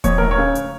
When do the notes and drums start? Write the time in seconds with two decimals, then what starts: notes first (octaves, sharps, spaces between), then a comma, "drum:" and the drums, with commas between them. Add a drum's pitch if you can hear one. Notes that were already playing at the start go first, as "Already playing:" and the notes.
0.04 F2 C#5, drum: kick D#1, hi-hat
0.18 F1 A#4
0.31 C#5
0.38 C#3
0.55 drum: hi-hat